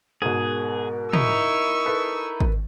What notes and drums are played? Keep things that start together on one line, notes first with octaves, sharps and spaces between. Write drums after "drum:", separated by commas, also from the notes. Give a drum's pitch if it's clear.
G#2 B2 G#4 A#4
D#4 E4 C#6 E6, drum: tom
A4 B4
drum: kick